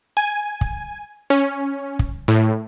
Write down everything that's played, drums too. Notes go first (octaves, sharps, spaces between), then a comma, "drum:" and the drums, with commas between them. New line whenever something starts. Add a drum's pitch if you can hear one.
G#5
drum: kick
C#4
drum: kick
A2